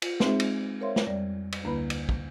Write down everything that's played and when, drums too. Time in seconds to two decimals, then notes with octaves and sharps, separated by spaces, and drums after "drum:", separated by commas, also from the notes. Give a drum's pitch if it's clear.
0.02 F4, drum: cymbal
0.20 G#3 C4 D#4 G#4 C5 E5, drum: snare
0.40 drum: cymbal
0.81 A#4 C5 C#5 E5 F5 C6
0.96 drum: snare
1.07 F2 G3 D5
1.52 drum: cymbal
1.64 D2 D3 A#3 E4 B4 B5
1.90 drum: cymbal
2.09 drum: kick